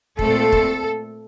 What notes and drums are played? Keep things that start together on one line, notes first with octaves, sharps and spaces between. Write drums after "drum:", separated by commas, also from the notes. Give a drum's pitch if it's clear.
A#2 A3 C4 A4, drum: kick
drum: kick